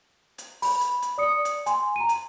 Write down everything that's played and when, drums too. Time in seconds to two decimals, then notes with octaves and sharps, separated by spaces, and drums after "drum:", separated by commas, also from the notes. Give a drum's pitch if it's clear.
0.38 drum: hi-hat
0.62 B5, drum: open hi-hat
0.81 drum: hi-hat
1.02 drum: hi-hat
1.18 D5 D#6 C#7
1.45 drum: hi-hat
1.66 G#5 C6, drum: hi-hat
1.96 A#5 D#7
2.09 drum: hi-hat